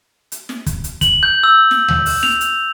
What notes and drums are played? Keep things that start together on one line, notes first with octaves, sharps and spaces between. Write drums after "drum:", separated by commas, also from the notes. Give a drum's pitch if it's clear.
drum: hi-hat
drum: snare
drum: kick, hi-hat
drum: hi-hat
F#7, drum: kick, hi-hat
G6
E6
drum: snare
drum: tom D2
drum: open hi-hat
F7, drum: snare
drum: hi-hat